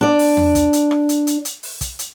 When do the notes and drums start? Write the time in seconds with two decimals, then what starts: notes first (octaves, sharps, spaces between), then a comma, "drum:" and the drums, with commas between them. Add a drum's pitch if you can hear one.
0.01 D4 D5
0.19 drum: open hi-hat
0.37 drum: tom E2
0.55 drum: kick, hi-hat
0.73 drum: hi-hat
0.91 drum: rim click
1.09 drum: hi-hat
1.27 drum: hi-hat
1.45 drum: hi-hat
1.63 drum: open hi-hat
1.81 drum: kick, hi-hat
1.99 drum: hi-hat